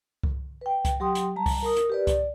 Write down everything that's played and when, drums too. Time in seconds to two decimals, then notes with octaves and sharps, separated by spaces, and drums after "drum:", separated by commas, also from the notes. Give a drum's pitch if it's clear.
0.23 drum: kick C2
0.61 B4 G5
0.85 drum: kick C2, hi-hat
1.00 F#3 G4 G5 C6 D#6
1.15 drum: hi-hat
1.36 G3 A5 A#5
1.46 drum: kick C2, open hi-hat
1.63 A#4 D#6
1.77 drum: hi-hat
1.90 G4 B4 D5
2.07 D5, drum: kick C2, hi-hat